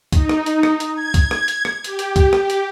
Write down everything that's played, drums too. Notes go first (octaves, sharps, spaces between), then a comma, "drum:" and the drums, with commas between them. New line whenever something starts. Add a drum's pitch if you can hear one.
D#4, drum: kick C2, hi-hat
drum: rim click
drum: hi-hat
drum: rim click
drum: hi-hat
G#6
drum: kick C2, hi-hat
drum: rim click
drum: hi-hat
drum: rim click
G4, drum: hi-hat
drum: hi-hat
drum: kick C2, hi-hat
drum: rim click
drum: hi-hat